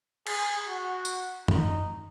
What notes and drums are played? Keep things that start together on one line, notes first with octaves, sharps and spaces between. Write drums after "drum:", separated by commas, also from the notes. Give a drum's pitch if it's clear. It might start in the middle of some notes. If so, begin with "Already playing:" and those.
G#4, drum: cymbal
F#4
drum: tambourine
D#4, drum: tom F#2